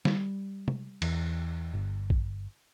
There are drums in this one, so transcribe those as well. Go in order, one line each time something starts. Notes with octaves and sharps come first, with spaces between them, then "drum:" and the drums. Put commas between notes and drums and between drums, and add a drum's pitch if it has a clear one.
G3, drum: snare
drum: tom
E2, drum: cymbal
G1
drum: kick A#1